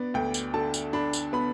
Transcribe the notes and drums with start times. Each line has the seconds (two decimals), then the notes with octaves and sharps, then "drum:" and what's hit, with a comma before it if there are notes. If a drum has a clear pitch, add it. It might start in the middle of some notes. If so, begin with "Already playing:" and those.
Already playing: B3 D4 D5
0.14 D2 G5
0.34 drum: tambourine
0.54 D3 A5
0.74 drum: tambourine
0.93 D4 B5
1.13 drum: tambourine
1.33 B3 B5